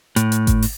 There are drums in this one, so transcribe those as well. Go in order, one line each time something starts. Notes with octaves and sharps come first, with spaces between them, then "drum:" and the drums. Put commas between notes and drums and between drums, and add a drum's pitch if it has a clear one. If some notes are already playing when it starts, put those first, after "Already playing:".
A2, drum: hi-hat
drum: hi-hat
drum: kick G#1, hi-hat
drum: open hi-hat